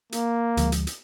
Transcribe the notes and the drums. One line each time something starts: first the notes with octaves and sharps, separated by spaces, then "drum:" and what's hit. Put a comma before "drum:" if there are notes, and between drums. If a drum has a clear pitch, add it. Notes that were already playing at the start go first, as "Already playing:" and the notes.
A#3, drum: hi-hat
D2 F3 G#3, drum: hi-hat
drum: hi-hat
drum: hi-hat